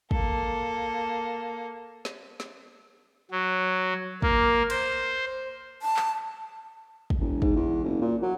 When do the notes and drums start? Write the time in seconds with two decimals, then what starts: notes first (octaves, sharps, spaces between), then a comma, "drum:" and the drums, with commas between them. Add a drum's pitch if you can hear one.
0.11 A#3 A4, drum: kick
2.05 drum: snare
2.40 drum: snare
3.31 F#3
4.22 A#3, drum: kick
4.70 C5, drum: cymbal
5.82 A5
5.97 drum: clap
7.10 drum: kick
7.20 E1
7.42 G#2, drum: kick
7.56 E2
7.84 F#1
8.01 A#2
8.22 F#3